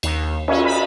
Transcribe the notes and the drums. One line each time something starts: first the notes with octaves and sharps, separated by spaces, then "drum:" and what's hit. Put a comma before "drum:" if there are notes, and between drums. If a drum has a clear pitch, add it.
D#2, drum: cymbal
C#4, drum: cymbal
B5